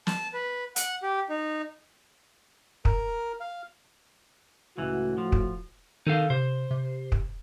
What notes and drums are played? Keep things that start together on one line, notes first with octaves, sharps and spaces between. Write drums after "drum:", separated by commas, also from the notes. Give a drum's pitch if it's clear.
A5, drum: snare
B4
F#5, drum: hi-hat
G4
D#4
A#4, drum: kick
F5
C#2 A2 E3 F#4
F3
drum: kick
D#3 D#4 A4 F5
C3 C5
C3
drum: kick